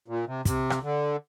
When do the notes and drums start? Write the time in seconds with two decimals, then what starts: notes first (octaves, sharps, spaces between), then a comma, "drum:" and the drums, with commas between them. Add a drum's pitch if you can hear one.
0.08 A#2
0.27 C3
0.45 C3, drum: kick, hi-hat
0.70 drum: rim click
0.83 D3